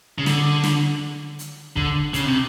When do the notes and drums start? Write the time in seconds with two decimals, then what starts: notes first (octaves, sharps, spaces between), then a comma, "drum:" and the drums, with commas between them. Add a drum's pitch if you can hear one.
0.18 C#3
0.26 D3, drum: snare
0.64 drum: snare
1.39 drum: hi-hat
1.76 D3, drum: kick
2.14 C#3, drum: hi-hat
2.25 C3